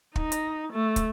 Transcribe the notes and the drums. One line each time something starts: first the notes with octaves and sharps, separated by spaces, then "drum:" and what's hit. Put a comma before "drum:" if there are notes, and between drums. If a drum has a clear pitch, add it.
D#4, drum: kick
drum: hi-hat
A3
drum: kick, hi-hat